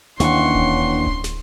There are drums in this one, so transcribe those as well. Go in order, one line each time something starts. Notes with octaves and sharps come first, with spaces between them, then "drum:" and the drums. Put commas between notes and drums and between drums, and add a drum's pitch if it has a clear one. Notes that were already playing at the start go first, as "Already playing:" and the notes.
D#2 E3 C#4 D4 F#5 C6 C#6, drum: snare
drum: kick D1
drum: kick D1
drum: snare